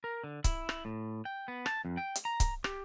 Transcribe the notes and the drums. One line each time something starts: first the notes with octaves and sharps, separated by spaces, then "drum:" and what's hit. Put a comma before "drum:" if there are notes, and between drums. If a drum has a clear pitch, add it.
A#4
D3
E4, drum: kick C#1, hi-hat
drum: rim click
A2
G5
B3
A5, drum: rim click
F2
G5
drum: hi-hat
A#5
drum: kick C#1, hi-hat
G4, drum: rim click